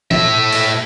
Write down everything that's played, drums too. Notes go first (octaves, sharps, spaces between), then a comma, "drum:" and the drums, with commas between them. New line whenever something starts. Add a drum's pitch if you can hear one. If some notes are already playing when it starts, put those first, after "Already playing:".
A2 E5, drum: tom
drum: cymbal